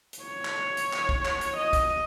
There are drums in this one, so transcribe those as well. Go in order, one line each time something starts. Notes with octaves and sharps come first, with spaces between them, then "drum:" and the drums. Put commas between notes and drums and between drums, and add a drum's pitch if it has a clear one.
drum: hi-hat
C#5
drum: clap
drum: hi-hat
drum: clap
drum: kick
drum: clap
drum: hi-hat
D#5
drum: kick, hi-hat